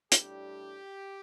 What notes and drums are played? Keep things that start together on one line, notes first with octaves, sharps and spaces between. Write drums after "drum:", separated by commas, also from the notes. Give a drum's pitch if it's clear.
A2 G3 D4 G4, drum: hi-hat